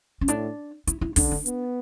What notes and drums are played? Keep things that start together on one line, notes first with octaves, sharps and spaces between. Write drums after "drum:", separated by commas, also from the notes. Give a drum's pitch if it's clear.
C#4
A2 D4, drum: hi-hat
E4, drum: hi-hat
E4
D3 D4, drum: kick, open hi-hat
D4
B3, drum: hi-hat